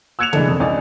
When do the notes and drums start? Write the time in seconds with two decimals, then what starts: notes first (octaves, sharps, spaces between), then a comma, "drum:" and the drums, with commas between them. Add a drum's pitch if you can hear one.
0.19 E6 F#6 G#6 C#7 E7 F7
0.33 E3 G#3 D4 D#4 A4, drum: tom C3
0.48 F2 D3
0.60 C#2 D#4 D5 G#5